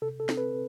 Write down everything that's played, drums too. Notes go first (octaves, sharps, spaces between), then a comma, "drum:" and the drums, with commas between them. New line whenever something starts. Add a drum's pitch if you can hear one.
C3 A4
A4
C4, drum: snare
B4